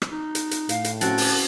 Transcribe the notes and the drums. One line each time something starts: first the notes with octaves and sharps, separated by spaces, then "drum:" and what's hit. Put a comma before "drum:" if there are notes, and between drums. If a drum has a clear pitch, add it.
drum: rim click
D#4
drum: hi-hat
drum: hi-hat
A2 F5, drum: hi-hat
drum: hi-hat
C#3 C4 F#4 A5 F#6, drum: hi-hat
drum: open hi-hat